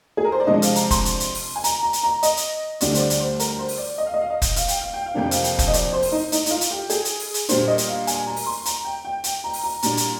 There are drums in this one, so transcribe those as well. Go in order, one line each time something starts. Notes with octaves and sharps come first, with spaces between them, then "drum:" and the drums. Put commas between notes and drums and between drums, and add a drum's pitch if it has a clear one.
G#4
A#4
C5
D5
C3 F3 G#3 D4 D#5
F5, drum: hi-hat
A#5, drum: hi-hat
C6, drum: kick, hi-hat
drum: hi-hat
drum: hi-hat
drum: open hi-hat
G#5
A#5, drum: hi-hat
A#5
drum: hi-hat
A#5
D#5, drum: hi-hat
drum: hi-hat
D2 D3 G3 D4 D5, drum: hi-hat
C5, drum: hi-hat
D5
drum: hi-hat
C5
A#4, drum: hi-hat
C5
drum: open hi-hat
D5
D#5
F5
D#5
F5
D#5
drum: kick, hi-hat
F5, drum: hi-hat
G5, drum: hi-hat
F5
G5
F5
F2 C3 F3 A#3 D4 G5
F5, drum: hi-hat
drum: hi-hat
drum: kick, hi-hat
D#5
D5, drum: hi-hat
C5
drum: open hi-hat
D#4
D#4, drum: hi-hat
D#4, drum: hi-hat
F4
drum: hi-hat
G4
G#4, drum: hi-hat
drum: hi-hat
drum: open hi-hat
drum: hi-hat
A#2 G3 A#3 D4 C5, drum: hi-hat
D#5
drum: hi-hat
F5
G#5, drum: hi-hat
A#5
drum: open hi-hat
C6
A#5, drum: hi-hat
G5
G5
G5, drum: hi-hat
A#5
drum: open hi-hat
A#5
A#2 G3 D4 A#5, drum: hi-hat
drum: hi-hat